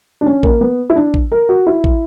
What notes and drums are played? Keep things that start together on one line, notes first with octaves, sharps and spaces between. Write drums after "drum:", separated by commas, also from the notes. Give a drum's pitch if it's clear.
D4
C#4
A#3, drum: kick
B3
E4
D4
drum: kick
A#4
F#4
E4
drum: kick